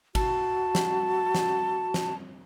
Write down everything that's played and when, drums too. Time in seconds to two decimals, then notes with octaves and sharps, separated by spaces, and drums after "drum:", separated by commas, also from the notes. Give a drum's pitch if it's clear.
0.15 F#4 A5, drum: kick, cymbal
0.75 drum: snare
1.35 drum: snare
1.94 drum: snare